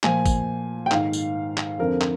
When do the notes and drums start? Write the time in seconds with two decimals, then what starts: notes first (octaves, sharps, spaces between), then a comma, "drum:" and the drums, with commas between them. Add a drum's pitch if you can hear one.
0.03 A#2 F3 G#5, drum: clap
0.26 drum: kick, tambourine
0.86 G5
0.91 G#2 D#3 F5, drum: clap
1.13 drum: tambourine
1.57 drum: clap
1.79 F2 D3 F3 A#4
2.01 drum: clap